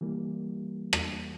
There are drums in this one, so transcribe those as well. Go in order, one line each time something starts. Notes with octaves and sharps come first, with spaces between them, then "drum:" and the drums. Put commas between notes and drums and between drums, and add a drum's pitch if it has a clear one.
E3 G3 A#3
drum: rim click